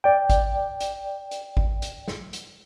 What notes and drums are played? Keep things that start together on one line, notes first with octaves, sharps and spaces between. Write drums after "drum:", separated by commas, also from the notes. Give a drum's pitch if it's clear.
D5 G5
drum: kick G#1, hi-hat
drum: hi-hat
drum: hi-hat
drum: kick G#1
drum: hi-hat
drum: snare
drum: hi-hat